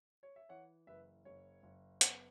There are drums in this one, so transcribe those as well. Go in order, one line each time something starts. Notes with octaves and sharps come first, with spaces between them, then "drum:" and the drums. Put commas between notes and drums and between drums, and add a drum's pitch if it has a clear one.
C#5
E5
E3 C#5 F#5
F#1 B4 E5
F#1 C#5
F#1
B3, drum: hi-hat